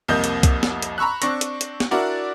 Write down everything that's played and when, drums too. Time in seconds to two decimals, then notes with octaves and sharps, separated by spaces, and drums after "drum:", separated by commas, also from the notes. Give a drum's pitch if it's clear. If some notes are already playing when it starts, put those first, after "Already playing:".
0.08 C2 F2 A#3 D#5 G6
0.24 drum: hi-hat
0.43 drum: kick C2, hi-hat
0.63 drum: snare
0.82 drum: hi-hat
0.98 A#5 B5 C#6 E6 F#6
1.22 C4 D4 C#6 A#6, drum: hi-hat
1.41 drum: hi-hat
1.61 drum: hi-hat
1.80 drum: snare
1.91 D4 E4 F#4 A#4 D5 F#5